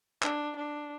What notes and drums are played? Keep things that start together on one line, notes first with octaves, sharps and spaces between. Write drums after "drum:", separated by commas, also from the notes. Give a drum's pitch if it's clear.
D4, drum: clap
D4